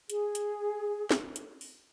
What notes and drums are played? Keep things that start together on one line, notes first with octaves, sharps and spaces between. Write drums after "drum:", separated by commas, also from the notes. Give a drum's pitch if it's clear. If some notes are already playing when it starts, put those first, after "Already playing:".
G#4, drum: hi-hat
drum: hi-hat
drum: snare
drum: hi-hat
drum: open hi-hat